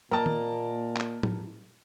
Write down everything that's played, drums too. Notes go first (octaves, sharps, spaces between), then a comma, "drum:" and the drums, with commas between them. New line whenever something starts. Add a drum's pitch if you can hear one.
A#2 A#3 A#4 D#5 A5
drum: tom
drum: clap
drum: tom